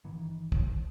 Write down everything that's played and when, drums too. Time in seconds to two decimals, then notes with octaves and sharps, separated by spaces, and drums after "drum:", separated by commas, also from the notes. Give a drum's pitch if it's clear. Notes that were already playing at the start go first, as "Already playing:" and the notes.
0.04 G1 D#3 E3
0.52 drum: kick